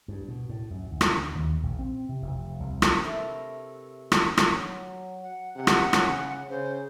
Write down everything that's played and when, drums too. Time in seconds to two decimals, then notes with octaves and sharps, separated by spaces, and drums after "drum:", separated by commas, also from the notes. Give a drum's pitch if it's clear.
0.08 G2
0.28 B2
0.49 A2
0.70 F#2
0.91 D2
1.01 drum: rim click
1.35 D#2
1.63 A#1
1.79 C4
2.09 C3
2.22 F1
2.60 C2
2.82 drum: rim click
3.04 C3 A3 E4 A4 A#4
4.12 drum: rim click
4.37 drum: rim click
4.53 F#3
5.22 F#5
5.55 C3 F#5
5.67 drum: rim click
5.93 C#3, drum: rim click
6.49 C#3 C5